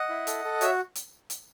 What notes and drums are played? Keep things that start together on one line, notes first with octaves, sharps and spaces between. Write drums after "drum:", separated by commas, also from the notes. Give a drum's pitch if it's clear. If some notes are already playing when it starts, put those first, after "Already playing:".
Already playing: D#5 F#5
E4
A4, drum: hi-hat
A4
F#4 C#5 E5, drum: hi-hat
drum: hi-hat
drum: hi-hat